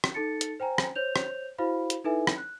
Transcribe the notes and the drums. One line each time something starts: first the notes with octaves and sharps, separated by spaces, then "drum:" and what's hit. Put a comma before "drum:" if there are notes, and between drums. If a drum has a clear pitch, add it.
drum: rim click
D#4 A4 A5 A6 C#7
drum: hi-hat
C5 G5 G#5 A#5
drum: rim click
C5 C#5 G6 F7
drum: rim click
E4 F#4 C5 F5 B5
drum: hi-hat
D#4 E4 A4 B4 E5 G#5
drum: rim click
F#6